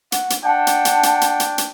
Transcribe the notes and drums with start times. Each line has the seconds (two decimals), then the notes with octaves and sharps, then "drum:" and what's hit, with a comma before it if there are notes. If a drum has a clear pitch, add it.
0.12 F#5, drum: hi-hat
0.30 drum: hi-hat
0.44 D4 F#5 G5 A5
0.67 drum: hi-hat
0.85 drum: hi-hat
1.03 drum: hi-hat
1.21 drum: hi-hat
1.40 drum: hi-hat
1.58 drum: hi-hat